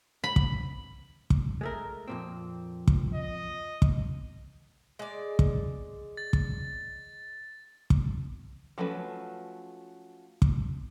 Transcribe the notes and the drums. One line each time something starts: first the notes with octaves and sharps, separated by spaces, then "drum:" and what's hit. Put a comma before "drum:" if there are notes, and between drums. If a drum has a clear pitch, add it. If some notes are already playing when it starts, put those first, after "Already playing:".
B5
drum: kick
drum: kick
G#3 A3 A#4
F2 A#2 C4
drum: kick
D#5
drum: kick
G#3 D5
drum: kick
A6
drum: kick
drum: kick
F3 F#3 A3 C#4 B4
drum: kick